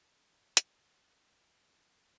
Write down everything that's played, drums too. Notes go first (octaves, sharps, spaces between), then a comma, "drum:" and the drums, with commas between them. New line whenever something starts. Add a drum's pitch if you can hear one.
F#2 E3 F#3 G3, drum: hi-hat